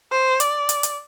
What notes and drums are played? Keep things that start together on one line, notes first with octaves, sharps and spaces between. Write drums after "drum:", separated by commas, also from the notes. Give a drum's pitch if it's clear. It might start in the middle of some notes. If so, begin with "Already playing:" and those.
C5
D5, drum: hi-hat
drum: hi-hat
drum: hi-hat